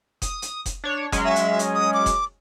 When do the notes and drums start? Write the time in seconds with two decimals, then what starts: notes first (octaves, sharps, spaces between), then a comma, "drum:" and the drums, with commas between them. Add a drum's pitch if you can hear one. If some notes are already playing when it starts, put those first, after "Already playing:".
0.22 D#6, drum: kick F1, hi-hat
0.42 drum: hi-hat
0.66 drum: kick F1, hi-hat
0.84 D4 C#5
1.12 F#3 G#3 C#4, drum: kick F1, hi-hat
1.25 E5
1.36 drum: hi-hat
1.59 drum: hi-hat
1.75 D#6
1.94 D6
2.06 drum: kick F1, hi-hat